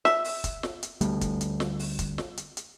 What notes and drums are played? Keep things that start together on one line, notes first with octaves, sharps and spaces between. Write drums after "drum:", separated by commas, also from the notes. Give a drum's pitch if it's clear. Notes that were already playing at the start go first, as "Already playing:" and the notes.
E5, drum: snare
drum: open hi-hat
drum: kick, hi-hat
drum: snare
drum: hi-hat
D2 G3 A3, drum: hi-hat
drum: kick, hi-hat
drum: hi-hat
drum: snare
drum: open hi-hat
drum: kick, hi-hat
drum: snare
drum: hi-hat
drum: hi-hat